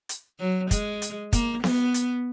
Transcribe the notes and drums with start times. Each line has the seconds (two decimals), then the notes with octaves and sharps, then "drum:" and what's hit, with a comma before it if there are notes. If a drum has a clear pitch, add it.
0.09 drum: hi-hat
0.39 F#3
0.71 G#3, drum: kick, hi-hat
1.02 drum: hi-hat
1.33 A#3, drum: kick, hi-hat
1.64 B3, drum: snare B3
1.94 drum: hi-hat